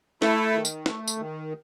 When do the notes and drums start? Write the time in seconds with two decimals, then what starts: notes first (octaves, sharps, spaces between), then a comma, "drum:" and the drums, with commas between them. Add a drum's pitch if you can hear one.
0.22 A3 E4, drum: snare
0.54 D#3
0.65 drum: tambourine
0.86 A3, drum: snare
1.07 drum: tambourine
1.18 D#3